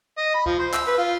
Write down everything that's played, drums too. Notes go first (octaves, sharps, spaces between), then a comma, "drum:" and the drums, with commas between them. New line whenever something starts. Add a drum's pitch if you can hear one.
D#5
B5
F3, drum: kick C#2
C5
E6, drum: clap
B4
F4